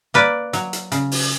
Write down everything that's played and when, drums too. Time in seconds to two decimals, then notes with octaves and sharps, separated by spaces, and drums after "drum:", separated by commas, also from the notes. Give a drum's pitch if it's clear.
0.14 A#3 B4 D5
0.53 F#3, drum: hi-hat
0.73 drum: hi-hat
0.92 C#3, drum: hi-hat
1.11 drum: open hi-hat